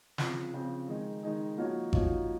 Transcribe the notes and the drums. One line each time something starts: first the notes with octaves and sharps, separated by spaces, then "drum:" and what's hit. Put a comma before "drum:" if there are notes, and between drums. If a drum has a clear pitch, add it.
C#3 F3 C4, drum: snare
C#3 F3 C4
D#3 G#3 D#4 G#4
D#3 G#3 D#4 G#4
F3 A#3 D#4 F#4 C#5
F3 A#3 D#4 F#4 C#5, drum: kick G#1